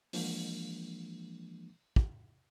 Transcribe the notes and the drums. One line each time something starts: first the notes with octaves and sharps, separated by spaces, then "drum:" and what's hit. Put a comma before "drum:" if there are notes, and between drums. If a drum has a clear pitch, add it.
E3 F3 G#3 A#3 D4, drum: open hi-hat
drum: kick